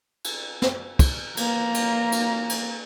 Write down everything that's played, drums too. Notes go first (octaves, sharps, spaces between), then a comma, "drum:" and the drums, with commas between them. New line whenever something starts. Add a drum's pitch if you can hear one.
drum: cymbal
drum: snare
drum: kick, cymbal
A#3 A#5, drum: cymbal
drum: cymbal
drum: cymbal
drum: cymbal